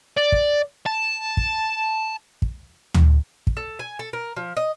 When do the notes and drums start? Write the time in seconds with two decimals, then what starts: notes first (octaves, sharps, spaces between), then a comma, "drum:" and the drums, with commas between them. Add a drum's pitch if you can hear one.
0.17 D5
0.32 drum: kick
0.86 A5
1.37 drum: kick
2.42 drum: kick
2.94 drum: tom D2
3.47 drum: kick
3.57 A4
3.79 G#5
3.99 A4
4.13 A#4
4.37 F3
4.57 D#5